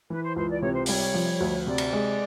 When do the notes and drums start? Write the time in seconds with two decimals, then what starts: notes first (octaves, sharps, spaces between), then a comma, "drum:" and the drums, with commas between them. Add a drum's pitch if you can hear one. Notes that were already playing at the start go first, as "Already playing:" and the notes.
0.10 E3 B4
0.23 C5
0.36 C#2 C5
0.49 D5
0.61 C3 C#5
0.73 C5
0.86 G3 C#5, drum: open hi-hat
1.14 F3
1.40 D2
1.67 C3 D5
1.78 drum: cymbal
1.93 G#3